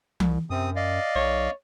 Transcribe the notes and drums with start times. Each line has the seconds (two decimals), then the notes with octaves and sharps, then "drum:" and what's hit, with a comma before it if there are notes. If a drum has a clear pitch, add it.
0.20 C2, drum: tom E3
0.50 F#2 C3 C4 D#6
0.76 D5 D#5 F5
1.16 B1 C#5